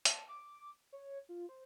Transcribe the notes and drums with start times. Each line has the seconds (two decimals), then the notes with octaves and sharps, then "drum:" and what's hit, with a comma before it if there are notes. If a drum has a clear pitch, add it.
0.05 A5, drum: hi-hat
0.29 D6
0.93 C#5
1.29 F4
1.49 C5